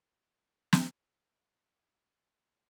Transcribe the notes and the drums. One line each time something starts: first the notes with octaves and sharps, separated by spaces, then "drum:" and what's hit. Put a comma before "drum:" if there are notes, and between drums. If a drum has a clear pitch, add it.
B3 A#5
drum: snare